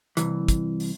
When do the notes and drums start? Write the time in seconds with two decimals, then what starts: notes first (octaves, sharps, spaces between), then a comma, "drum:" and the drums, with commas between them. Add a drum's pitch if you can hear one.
0.17 C2 E3, drum: hi-hat
0.48 drum: kick, hi-hat
0.80 drum: open hi-hat